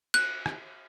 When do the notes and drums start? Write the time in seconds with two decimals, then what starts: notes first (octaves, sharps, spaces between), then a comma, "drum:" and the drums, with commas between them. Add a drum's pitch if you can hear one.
0.14 F#6, drum: cymbal
0.46 drum: rim click